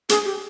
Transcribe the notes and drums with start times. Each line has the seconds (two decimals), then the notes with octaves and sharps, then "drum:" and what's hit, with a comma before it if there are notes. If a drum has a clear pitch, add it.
0.09 G#4, drum: hi-hat
0.25 G4